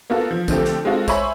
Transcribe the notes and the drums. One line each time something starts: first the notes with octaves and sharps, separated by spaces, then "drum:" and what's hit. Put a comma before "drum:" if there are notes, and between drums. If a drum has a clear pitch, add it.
A#3 B3 F4 F#4 A4
F3
D3 F3 A3 C4 G4 A4, drum: kick, tambourine
drum: snare
G#3 C4 F4 F#4 A4
C5 C#5 E5 G#5 B5 C#6, drum: kick, tambourine